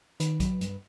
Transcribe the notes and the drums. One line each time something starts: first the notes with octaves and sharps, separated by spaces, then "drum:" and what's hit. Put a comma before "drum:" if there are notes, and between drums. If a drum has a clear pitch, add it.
D#3 B4, drum: hi-hat
F#3, drum: kick B1, hi-hat
G2, drum: hi-hat